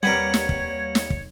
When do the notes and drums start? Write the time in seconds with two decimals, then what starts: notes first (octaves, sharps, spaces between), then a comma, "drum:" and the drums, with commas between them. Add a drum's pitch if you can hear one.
0.03 D#2 G3 C4 A#4 B4 C#5 F#5 G#6
0.34 drum: snare
0.49 drum: kick
0.95 drum: snare
1.10 drum: kick